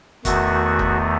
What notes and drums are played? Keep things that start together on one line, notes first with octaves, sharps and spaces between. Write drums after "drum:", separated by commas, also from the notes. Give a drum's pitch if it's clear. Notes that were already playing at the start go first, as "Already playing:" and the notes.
E2 D#3 A3 F#4, drum: kick, hi-hat
drum: kick